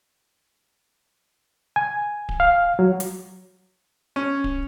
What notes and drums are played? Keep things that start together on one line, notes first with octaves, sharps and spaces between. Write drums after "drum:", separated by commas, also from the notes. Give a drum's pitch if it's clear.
G#5
drum: kick D1
F5
F#3
drum: hi-hat
C#4
drum: kick D1